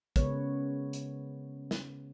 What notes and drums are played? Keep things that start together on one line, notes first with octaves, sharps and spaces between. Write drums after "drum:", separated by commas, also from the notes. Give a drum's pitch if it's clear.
C#3 G#3 B3 B4 C#5, drum: kick, hi-hat
drum: hi-hat
drum: snare